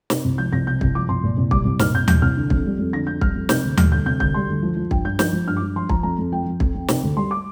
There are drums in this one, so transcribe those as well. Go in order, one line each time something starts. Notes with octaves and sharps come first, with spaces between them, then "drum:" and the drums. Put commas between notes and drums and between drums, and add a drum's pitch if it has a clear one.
C3, drum: snare
C2
F3 G6
C2 A#6
C3 G6
C2, drum: kick
F3 D6
C2 C6
A#2
C2
G3 D6, drum: kick
C2
A#2 F6, drum: snare
C2 G6
G3 G6, drum: tom D#2
C2 F6
D3
F2, drum: kick
G3
F2
D3 A#6
F2 G6
G3 F6, drum: kick
F2
C3 G6, drum: snare
D2
G3 F6, drum: tom D#2
D2 G6
C3 G6
D2 G6, drum: kick
G3 C6
D2
F3
F3
G2 G5, drum: kick
G2 G6
F3 G6, drum: snare
F3
G2 F6
D6
G2
F3 C6
F3 A#5, drum: kick
F2 A#5
F2
F3 G5
F3
F2, drum: kick
F2
C3, drum: snare
D2
G3 C6
D6